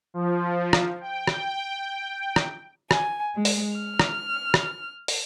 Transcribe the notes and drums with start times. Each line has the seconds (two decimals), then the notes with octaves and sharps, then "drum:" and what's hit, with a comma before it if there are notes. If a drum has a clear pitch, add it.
0.14 F3
0.73 drum: rim click
1.01 G5
1.27 drum: rim click
2.36 drum: rim click
2.91 G#5, drum: rim click
3.35 G#3
3.45 drum: open hi-hat
3.77 F6
4.00 drum: rim click
4.54 drum: rim click
5.08 drum: open hi-hat